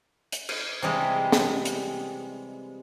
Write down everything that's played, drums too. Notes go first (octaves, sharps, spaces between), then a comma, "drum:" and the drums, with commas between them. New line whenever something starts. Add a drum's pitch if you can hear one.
drum: hi-hat
drum: cymbal
C3 E3 G3 G#3
drum: snare
drum: hi-hat